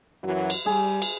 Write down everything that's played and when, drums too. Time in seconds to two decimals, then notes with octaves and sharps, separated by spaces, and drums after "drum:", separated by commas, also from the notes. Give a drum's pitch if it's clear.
0.24 F#2 E3 F#3
0.50 drum: cymbal
0.66 G3 G#4
1.02 drum: cymbal